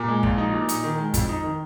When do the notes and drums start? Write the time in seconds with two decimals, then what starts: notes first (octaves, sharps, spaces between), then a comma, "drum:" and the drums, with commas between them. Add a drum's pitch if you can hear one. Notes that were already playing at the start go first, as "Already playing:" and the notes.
Already playing: A#2
0.08 G#3
0.23 A#1, drum: kick
0.38 D#4
0.53 A#2
0.69 D#4, drum: hi-hat
0.84 D#3
0.98 G#3
1.14 F2, drum: kick, hi-hat
1.29 D#4
1.44 D#3